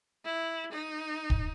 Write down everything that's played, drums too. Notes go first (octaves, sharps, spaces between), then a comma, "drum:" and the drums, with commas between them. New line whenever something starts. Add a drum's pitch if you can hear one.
E4
D#4
drum: kick